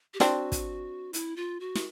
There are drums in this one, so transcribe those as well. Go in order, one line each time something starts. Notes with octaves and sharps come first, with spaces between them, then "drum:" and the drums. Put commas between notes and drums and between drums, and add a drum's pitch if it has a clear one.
G4
C4 D4 F#4, drum: snare
drum: kick, hi-hat
E4, drum: hi-hat
F4
F#4
drum: snare